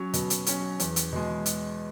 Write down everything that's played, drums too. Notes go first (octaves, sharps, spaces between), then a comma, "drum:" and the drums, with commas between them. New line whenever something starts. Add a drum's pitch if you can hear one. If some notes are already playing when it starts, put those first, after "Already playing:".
Already playing: F#3 C#4
B2, drum: hi-hat
drum: hi-hat
F#3 C#4, drum: hi-hat
E2, drum: hi-hat
drum: hi-hat
B2 G#3
drum: hi-hat